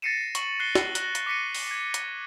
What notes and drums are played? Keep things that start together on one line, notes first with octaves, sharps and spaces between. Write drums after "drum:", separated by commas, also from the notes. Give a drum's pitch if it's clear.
A6 A#6 C7 C#7 D#7 E7
C#6 F#7, drum: hi-hat
F#6 C7 G7
drum: snare
F#6 A#6 F#7, drum: hi-hat
drum: hi-hat
D6 A#6 B6 C#7 D#7
drum: open hi-hat
G#6
drum: hi-hat